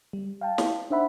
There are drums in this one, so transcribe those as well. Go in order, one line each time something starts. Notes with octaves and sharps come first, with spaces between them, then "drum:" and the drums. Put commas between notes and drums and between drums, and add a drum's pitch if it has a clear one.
G3
F5 G5 A5
drum: snare
D4 D#4 C5 E5 F#5 B5